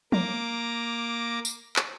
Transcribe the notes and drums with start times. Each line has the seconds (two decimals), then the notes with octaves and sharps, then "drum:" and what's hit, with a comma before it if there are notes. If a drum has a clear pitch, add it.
0.12 A#3 A#5 D6, drum: tom
1.45 drum: tambourine
1.76 drum: clap